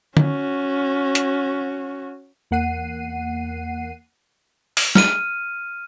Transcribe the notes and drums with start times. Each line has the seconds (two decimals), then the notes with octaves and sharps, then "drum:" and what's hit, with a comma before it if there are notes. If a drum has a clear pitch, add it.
0.17 C#4 F#4, drum: tom D3
1.15 drum: hi-hat
2.51 E2 A#3 F#5 C7 D#7
4.77 drum: open hi-hat
4.95 F6 D#7, drum: snare